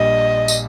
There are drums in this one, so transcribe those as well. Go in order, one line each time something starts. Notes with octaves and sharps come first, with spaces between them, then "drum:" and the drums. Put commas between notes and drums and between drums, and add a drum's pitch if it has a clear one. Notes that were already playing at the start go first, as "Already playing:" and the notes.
Already playing: A#1 A#2 G3 D#5
drum: tambourine